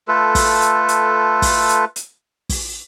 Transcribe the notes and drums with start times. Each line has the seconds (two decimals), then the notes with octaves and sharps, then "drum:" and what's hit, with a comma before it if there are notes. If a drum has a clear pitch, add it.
0.08 A3 F4 A4 B4
0.35 drum: kick, open hi-hat
0.62 drum: hi-hat
0.89 drum: hi-hat
1.42 drum: kick, open hi-hat
1.69 drum: hi-hat
1.96 drum: hi-hat
2.49 drum: kick, open hi-hat